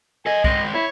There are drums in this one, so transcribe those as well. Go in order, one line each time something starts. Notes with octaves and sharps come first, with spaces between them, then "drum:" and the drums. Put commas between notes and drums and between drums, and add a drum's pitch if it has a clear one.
A4 D#5 G#5
G#3 C4 D#5, drum: kick
E4 C#5